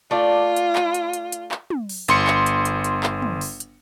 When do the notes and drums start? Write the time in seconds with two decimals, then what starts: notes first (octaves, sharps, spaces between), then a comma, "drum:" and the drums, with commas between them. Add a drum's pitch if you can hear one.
0.11 A3 F4 D5
0.56 drum: hi-hat
0.75 drum: clap
0.94 drum: hi-hat
1.13 drum: hi-hat
1.32 drum: hi-hat
1.51 drum: clap
1.70 drum: tom
1.89 drum: open hi-hat
2.08 G1 C6 C#7, drum: hi-hat
2.27 drum: clap
2.46 drum: hi-hat
2.65 drum: hi-hat
2.84 drum: hi-hat
3.03 drum: clap
3.22 drum: tom
3.41 drum: open hi-hat
3.60 drum: hi-hat